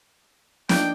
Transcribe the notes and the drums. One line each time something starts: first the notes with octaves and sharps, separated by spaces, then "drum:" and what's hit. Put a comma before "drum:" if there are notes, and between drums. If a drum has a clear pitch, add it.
F3 A#3 D4 D#4 G5, drum: snare